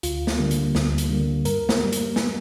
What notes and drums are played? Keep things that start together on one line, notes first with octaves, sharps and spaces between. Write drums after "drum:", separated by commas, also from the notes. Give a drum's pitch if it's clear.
D2 F4, drum: hi-hat
drum: snare
D3 G3 A#3
drum: hi-hat
D2, drum: snare
drum: hi-hat
D3 G3 A#3
G2 A#4, drum: hi-hat
drum: snare
G3 A#3
drum: hi-hat
drum: snare